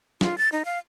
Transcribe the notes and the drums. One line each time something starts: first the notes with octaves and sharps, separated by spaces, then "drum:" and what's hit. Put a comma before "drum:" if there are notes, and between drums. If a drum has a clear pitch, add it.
F4, drum: snare
A6
D#4
F5